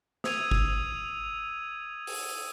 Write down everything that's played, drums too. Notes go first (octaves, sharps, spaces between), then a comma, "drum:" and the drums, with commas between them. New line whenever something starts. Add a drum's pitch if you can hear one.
D#6 E6 G#6 D#7 F7, drum: snare
drum: kick G1
drum: open hi-hat